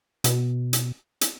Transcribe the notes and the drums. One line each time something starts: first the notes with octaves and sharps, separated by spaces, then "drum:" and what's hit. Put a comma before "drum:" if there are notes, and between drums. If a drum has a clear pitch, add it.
B2, drum: hi-hat
drum: hi-hat
drum: hi-hat